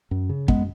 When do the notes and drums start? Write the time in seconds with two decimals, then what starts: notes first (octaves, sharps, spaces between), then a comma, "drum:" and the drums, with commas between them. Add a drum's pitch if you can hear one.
0.11 F#2
0.30 C#3
0.48 F#2 G#3 B3, drum: kick